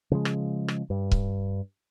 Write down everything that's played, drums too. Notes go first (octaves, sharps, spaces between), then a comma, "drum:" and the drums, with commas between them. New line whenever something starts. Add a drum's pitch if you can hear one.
C#3 F3 G#3
drum: rim click
drum: rim click
G2
drum: kick C#1